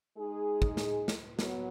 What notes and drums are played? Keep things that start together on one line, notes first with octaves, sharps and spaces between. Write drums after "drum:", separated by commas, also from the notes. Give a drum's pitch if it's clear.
G#3 D#4 G#4
drum: kick
drum: snare
drum: snare
F#3 B3, drum: snare